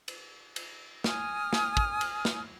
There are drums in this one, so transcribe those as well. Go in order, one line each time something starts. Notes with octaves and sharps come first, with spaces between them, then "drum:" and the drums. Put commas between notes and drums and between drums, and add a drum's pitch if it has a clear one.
drum: cymbal
drum: cymbal
G#5 D#6 F6, drum: snare
drum: snare
drum: kick
drum: cymbal
drum: snare